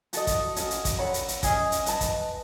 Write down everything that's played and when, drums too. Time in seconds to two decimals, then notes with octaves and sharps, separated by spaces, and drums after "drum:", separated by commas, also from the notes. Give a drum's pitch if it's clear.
0.13 F#4 A4 D#5, drum: hi-hat
0.27 drum: kick, hi-hat
0.56 C#4 F#4 A4 D#5, drum: hi-hat
0.70 drum: hi-hat
0.85 drum: kick, hi-hat
0.99 A4 C#5 F#5 B5
1.14 drum: hi-hat
1.28 drum: hi-hat
1.43 C#4 G#4 D#5, drum: kick, hi-hat
1.72 drum: hi-hat
1.86 B4 D#5 A5, drum: hi-hat
2.01 drum: kick, hi-hat